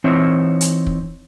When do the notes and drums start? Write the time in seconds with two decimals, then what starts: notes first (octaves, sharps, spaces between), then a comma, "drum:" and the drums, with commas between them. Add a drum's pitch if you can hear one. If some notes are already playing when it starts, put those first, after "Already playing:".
0.04 E3 C4 D#4 C#5 E5
0.61 drum: hi-hat
0.86 drum: kick